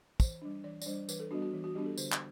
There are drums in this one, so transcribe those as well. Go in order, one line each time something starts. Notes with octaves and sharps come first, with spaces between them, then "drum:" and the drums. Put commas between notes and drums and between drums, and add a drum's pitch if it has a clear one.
E3 C5, drum: kick, tambourine
G3 D4
E3 D5
D5, drum: tambourine
G3 D4 C5
E3 B4, drum: tambourine
A4
G3 B3 D4 F#4
F#4
E3
F#4
G3 B3 D4 G4
A4
D3 C5, drum: tambourine
drum: clap